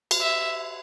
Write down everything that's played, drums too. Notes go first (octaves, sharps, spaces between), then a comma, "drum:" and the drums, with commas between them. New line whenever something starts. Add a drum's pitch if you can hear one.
drum: cymbal
E5